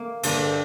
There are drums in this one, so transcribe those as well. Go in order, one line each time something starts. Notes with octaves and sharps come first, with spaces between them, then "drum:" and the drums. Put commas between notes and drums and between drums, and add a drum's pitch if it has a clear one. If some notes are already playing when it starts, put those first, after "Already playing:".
Already playing: A#3
G2 D3 G3 A#3, drum: cymbal